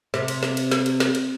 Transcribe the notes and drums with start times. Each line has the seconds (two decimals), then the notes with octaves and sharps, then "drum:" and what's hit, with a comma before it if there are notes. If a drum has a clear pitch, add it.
0.14 C3, drum: snare
0.28 drum: cymbal
0.43 drum: snare
0.57 drum: cymbal
0.71 drum: snare
0.86 drum: cymbal
1.00 drum: snare
1.15 drum: cymbal